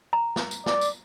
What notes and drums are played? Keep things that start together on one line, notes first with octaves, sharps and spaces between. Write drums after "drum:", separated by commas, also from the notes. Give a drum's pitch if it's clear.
A#5
drum: snare
drum: tambourine
D5, drum: snare
drum: tambourine